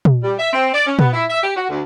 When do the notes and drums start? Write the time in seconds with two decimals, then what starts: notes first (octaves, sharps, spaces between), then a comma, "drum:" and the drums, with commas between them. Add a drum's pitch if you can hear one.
0.05 drum: tom
0.23 G3
0.38 E5
0.53 C4
0.74 D5
0.86 C#4
0.99 B3, drum: tom
1.12 E4
1.30 E5
1.43 G4
1.56 F#4
1.69 D2